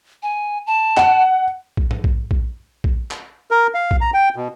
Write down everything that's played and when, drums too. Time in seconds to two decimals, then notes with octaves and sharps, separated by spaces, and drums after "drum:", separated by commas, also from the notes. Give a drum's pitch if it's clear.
0.23 G#5
0.67 A5
0.97 F#5, drum: clap
1.77 drum: kick A#1
1.91 drum: tom G#2
2.04 drum: kick A#1
2.31 drum: kick A#1
2.84 drum: kick A#1
3.11 drum: clap
3.51 A#4
3.74 F5
3.91 drum: kick A#1
4.01 A#5
4.14 G5
4.36 B2